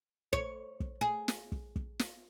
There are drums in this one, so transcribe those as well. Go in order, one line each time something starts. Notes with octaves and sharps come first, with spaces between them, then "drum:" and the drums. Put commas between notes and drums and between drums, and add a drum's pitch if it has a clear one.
C#5, drum: kick
drum: kick
G#4
drum: snare
drum: kick
drum: kick
drum: snare